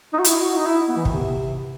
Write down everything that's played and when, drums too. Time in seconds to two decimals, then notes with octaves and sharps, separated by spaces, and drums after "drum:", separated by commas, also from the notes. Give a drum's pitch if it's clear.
0.13 D#4
0.19 F#4
0.24 E4, drum: hi-hat
0.41 F#4
0.57 D#4
0.67 E4
0.89 B3
0.97 E3
1.05 D#3, drum: kick G#1
1.14 C3